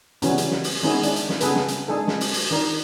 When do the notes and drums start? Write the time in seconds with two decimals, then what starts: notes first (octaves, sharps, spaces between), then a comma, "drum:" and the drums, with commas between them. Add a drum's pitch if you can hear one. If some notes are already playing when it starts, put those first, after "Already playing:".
0.22 C#3 E3 F#3 G3 B3 C#4, drum: hi-hat
0.38 drum: hi-hat
0.51 drum: snare
0.64 drum: open hi-hat
0.83 D#3 G#3 B3 C#4 E4 G#4
1.03 D4, drum: hi-hat
1.16 drum: hi-hat
1.29 drum: snare
1.41 C#3 B3 G#4 A4 B4, drum: hi-hat
1.55 drum: snare
1.68 drum: hi-hat
1.88 G#3 D4 D#4 G#4 A4
2.07 drum: snare
2.21 drum: open hi-hat
2.34 drum: open hi-hat
2.51 D#3 D4 A#4